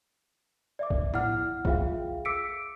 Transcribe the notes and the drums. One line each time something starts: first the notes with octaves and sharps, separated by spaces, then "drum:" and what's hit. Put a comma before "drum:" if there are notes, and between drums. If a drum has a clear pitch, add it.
D5 E5 D6
drum: kick
E4 F#5 F6, drum: tom A2
F4 G#4 E5 F5 G5, drum: kick
D6 E6 B6 C#7 D7